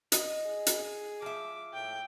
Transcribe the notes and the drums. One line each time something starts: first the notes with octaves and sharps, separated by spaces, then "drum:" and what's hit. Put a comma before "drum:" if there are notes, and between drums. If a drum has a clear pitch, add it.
D#5, drum: hi-hat
G#4
drum: hi-hat
F3 E5 D6
A2 G5